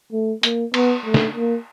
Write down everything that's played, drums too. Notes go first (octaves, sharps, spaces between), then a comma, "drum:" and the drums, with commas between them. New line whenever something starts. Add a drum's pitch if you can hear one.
A3
A#3, drum: hi-hat
B3, drum: cymbal
A3
drum: snare
A#3